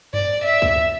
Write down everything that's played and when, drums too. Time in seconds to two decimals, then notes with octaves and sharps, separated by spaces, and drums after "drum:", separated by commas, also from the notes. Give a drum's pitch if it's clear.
0.14 D5, drum: tom F#2
0.44 E5
0.62 drum: kick